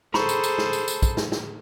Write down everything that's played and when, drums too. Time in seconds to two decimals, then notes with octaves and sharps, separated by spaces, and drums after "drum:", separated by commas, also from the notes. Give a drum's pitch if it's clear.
0.14 G#4 A4 C5 A#5 B5 C#6, drum: snare
0.29 drum: tambourine
0.44 drum: tambourine
0.58 drum: snare
0.73 drum: tambourine
0.88 drum: tambourine
1.02 drum: kick, tambourine
1.17 drum: snare
1.32 drum: snare